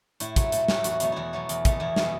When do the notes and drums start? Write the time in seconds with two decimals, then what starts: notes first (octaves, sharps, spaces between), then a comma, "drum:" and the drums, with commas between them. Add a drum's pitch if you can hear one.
0.20 A2 E4, drum: hi-hat
0.36 F#3 A3, drum: kick, hi-hat
0.52 A2, drum: hi-hat
0.68 F#3 A3, drum: snare
0.84 E2 F#4, drum: hi-hat
1.00 B2 F#3 A3, drum: hi-hat
1.12 E2 E4 F#4
1.33 B2 F#3 A3
1.49 E2, drum: hi-hat
1.65 B2 A3, drum: kick, hi-hat
1.80 E2 E4
1.96 B2 A3 G#4, drum: snare